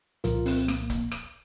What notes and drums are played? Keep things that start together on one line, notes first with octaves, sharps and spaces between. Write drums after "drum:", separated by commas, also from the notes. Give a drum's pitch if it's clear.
C2 A#2 F3 F4 A#4, drum: hi-hat
C4, drum: open hi-hat
A#3, drum: rim click
drum: kick C#1, hi-hat
drum: rim click